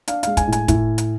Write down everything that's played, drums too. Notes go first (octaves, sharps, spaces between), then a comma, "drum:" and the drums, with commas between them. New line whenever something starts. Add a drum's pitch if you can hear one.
D4 F5, drum: hi-hat
G#3 F5, drum: hi-hat
G#5, drum: kick, hi-hat
A2
G#5, drum: hi-hat
A2, drum: kick, hi-hat
drum: hi-hat